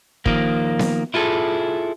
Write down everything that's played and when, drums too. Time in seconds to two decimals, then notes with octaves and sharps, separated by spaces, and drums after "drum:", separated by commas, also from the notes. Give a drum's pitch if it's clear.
0.26 D#3 F3 A#3, drum: kick
0.79 drum: snare B3
1.14 E4 F4 G#4 A4